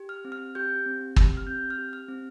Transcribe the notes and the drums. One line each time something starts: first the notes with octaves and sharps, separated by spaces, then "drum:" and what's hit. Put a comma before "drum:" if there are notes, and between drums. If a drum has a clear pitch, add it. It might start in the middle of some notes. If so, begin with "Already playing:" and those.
Already playing: G4
F6
C4
F6
G4 G6
C4
G4, drum: kick
F6
C4 G6
F6
G4
F6
C4